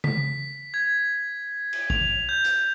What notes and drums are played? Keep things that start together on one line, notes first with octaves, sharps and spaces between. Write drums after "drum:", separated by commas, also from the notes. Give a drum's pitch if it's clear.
B6, drum: tom C#3
G#6
drum: cymbal
F7, drum: kick
G6
drum: hi-hat